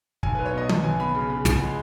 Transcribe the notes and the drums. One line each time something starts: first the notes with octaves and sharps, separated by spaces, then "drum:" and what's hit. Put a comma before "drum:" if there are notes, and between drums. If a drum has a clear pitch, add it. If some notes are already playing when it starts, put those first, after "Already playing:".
B1 G#5, drum: kick
B1 B4
C#5
B2 D#5
B3, drum: tom D#3
B1 G#5
B2 B5
C#3
C#3
C#2, drum: snare
G#3